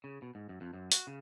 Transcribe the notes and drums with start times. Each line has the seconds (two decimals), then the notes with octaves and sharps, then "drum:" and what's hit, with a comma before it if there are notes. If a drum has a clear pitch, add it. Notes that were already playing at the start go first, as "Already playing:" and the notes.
0.04 C#3
0.22 B2
0.35 G#2
0.49 F#2
0.61 F2
0.74 F#2
0.92 F#4, drum: hi-hat
1.07 C#3